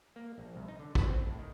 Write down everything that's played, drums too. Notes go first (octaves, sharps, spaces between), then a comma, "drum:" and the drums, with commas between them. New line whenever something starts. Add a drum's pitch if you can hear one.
A#3
A#1
C2
D#4
D3
B4, drum: kick
C4
A2
D#3